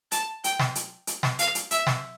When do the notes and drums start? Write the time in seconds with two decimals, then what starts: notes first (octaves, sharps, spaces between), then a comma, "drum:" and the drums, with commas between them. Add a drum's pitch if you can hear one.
0.12 A5, drum: hi-hat
0.44 G5, drum: hi-hat
0.59 drum: snare
0.75 drum: hi-hat
1.07 drum: hi-hat
1.23 drum: snare
1.39 F5, drum: hi-hat
1.55 drum: hi-hat
1.71 E5, drum: hi-hat
1.87 drum: snare